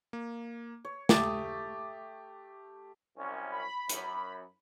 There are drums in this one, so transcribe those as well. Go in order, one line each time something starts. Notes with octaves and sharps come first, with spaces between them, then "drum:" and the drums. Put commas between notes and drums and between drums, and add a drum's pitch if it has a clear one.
A#3
C#5
A3 G4 D6 D#6 A6, drum: snare
C2 F#2 C#4
B5
F#2, drum: hi-hat